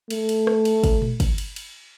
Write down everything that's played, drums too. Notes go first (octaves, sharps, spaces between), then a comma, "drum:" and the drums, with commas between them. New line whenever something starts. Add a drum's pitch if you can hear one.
A3, drum: cymbal
drum: cymbal
drum: rim click
drum: cymbal
drum: kick, cymbal
drum: tom A#2
drum: kick, cymbal
drum: cymbal
drum: cymbal